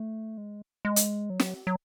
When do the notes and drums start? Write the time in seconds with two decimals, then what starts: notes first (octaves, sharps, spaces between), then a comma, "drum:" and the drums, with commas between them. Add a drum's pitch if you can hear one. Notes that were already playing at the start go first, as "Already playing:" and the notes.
Already playing: A3
0.38 G#3
0.85 G#3
0.96 drum: hi-hat
1.30 F#3
1.40 drum: snare
1.67 F#3